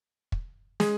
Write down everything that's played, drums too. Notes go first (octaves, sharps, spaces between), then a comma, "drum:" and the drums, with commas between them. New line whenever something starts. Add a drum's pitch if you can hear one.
drum: kick
G#3 G#4, drum: snare